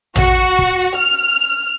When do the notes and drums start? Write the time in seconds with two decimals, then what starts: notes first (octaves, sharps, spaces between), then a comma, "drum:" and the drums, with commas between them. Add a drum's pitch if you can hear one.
0.16 F#4, drum: tom A1
0.59 drum: kick
0.96 F6